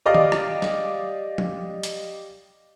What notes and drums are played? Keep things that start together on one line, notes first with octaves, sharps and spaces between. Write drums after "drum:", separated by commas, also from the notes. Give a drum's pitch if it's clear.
G4 D5 D#5 F5 D6
drum: tom D#3
drum: rim click
drum: snare
drum: tom F3
drum: hi-hat